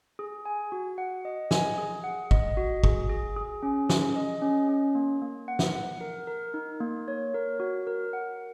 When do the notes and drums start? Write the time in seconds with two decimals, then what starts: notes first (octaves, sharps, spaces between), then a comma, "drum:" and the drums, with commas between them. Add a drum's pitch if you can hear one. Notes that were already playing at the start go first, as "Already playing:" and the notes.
0.19 G#4
0.46 G#5
0.72 F#4
0.98 F#5
1.25 D#5
1.51 G#5, drum: snare
1.78 G#4
2.04 F#5
2.31 D#5, drum: kick
2.57 F#4
2.84 G#4, drum: kick
3.09 G#4
3.36 G#4
3.63 C#4
3.89 G#4, drum: snare
4.16 D#5
4.42 C#4
4.68 C#4
4.95 A#3
5.22 A#3
5.48 F#5
5.59 drum: snare
5.75 F#5
6.01 A#4
6.27 A#4
6.54 D#4
6.81 A#3
7.08 C#5
7.34 A#4
7.60 F#4
7.87 A#4
8.13 F#5